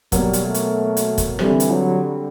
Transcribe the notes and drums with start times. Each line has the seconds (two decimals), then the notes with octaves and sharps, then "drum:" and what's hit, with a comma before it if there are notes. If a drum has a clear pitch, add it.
0.12 B2 F#3 G3 A#3, drum: kick, hi-hat
0.33 drum: hi-hat
0.44 A3
0.54 drum: hi-hat
0.97 drum: hi-hat
1.18 drum: kick, hi-hat
1.39 D3 E3 G3 C4, drum: rim click
1.60 drum: hi-hat
1.70 F#3